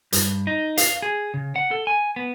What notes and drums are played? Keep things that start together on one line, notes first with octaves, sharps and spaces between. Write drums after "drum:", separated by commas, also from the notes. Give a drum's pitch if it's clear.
G2, drum: hi-hat
D#4
F5, drum: hi-hat
G#4
C#3
F#5
A4
G#5
B3